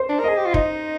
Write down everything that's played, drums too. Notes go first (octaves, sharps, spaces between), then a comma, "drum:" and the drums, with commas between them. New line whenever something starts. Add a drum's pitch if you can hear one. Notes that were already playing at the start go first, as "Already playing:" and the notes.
Already playing: C5
D4
A#4
D#5
G#4
G4
F4
D#4 D#5, drum: kick